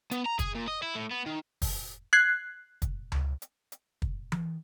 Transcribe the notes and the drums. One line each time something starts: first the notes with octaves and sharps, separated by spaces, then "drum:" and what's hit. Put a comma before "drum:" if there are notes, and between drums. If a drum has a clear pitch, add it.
B3, drum: hi-hat
A#5
G#4, drum: kick, hi-hat
A#2
D#5
E4
A2
B3
D#3
drum: kick, open hi-hat
F#6 G#6 C7
drum: kick, hi-hat
drum: tom C#2
drum: hi-hat
drum: hi-hat
drum: kick
drum: tom E3